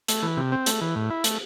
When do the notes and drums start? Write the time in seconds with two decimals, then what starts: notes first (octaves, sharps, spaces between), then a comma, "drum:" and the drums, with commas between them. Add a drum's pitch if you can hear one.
0.08 A3, drum: hi-hat
0.23 E3
0.37 C3
0.52 C4
0.66 A3, drum: hi-hat
0.81 E3
0.96 A2
1.10 E4
1.24 A3, drum: hi-hat